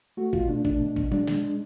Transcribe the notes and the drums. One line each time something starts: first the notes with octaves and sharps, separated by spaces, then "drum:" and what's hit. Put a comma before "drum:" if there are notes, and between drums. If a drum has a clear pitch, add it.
A3 F#4
B2 F4, drum: kick
A3 D4
A3 D4, drum: kick
B2
B2, drum: kick
G#3 D4, drum: tom F#3
G#3, drum: snare
G#3